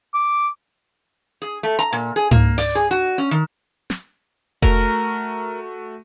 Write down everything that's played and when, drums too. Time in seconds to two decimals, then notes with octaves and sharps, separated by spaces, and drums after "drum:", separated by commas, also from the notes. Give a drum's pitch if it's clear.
0.14 D6
1.42 G#4
1.63 A3
1.79 A#5, drum: hi-hat
1.93 A#2
2.16 G#4
2.31 A#3, drum: tom G#2
2.58 D5, drum: open hi-hat
2.75 G#4
2.91 F#4
3.18 C#4
3.31 D#3
3.90 drum: snare
4.62 A3 F#4 A#4, drum: kick F1